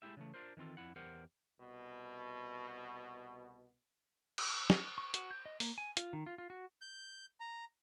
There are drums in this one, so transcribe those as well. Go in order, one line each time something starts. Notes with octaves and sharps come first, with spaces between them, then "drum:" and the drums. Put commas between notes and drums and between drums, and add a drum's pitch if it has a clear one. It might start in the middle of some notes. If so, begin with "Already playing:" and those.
G#3 A3 C#4 E4 G4 E5
C#3 E3 A3
D4 F4 A#4 C5
D#3 E3 C4 F4 A4
F2 E4 F#5
E2 G4 A#4 C5 F#5
C2 B2
drum: cymbal
drum: snare
C#6
F#4, drum: hi-hat
G6
D#5
A#3, drum: open hi-hat
G#5
F4, drum: hi-hat
D#3
F4
F4
F#4
G6
A#5